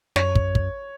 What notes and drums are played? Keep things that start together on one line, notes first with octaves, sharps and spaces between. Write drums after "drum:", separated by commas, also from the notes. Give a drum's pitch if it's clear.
F#2 C#5, drum: snare
drum: kick
drum: kick